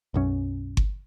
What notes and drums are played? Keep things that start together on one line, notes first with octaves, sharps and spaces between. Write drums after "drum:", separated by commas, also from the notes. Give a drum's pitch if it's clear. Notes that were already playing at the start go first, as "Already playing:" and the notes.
B1 F#2 C#4
drum: kick G1